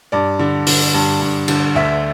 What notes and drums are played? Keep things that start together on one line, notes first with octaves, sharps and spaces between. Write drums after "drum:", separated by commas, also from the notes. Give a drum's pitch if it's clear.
G2 D5
D3
D3, drum: open hi-hat
G2
G2
D3, drum: cymbal
D2 E5